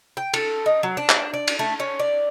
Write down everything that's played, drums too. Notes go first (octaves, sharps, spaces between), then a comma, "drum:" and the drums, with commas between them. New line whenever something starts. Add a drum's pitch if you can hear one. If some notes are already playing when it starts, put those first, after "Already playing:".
G5
A4, drum: cymbal
D#4
F#3
D4
drum: clap
D5
drum: cymbal
A3
C#4
D5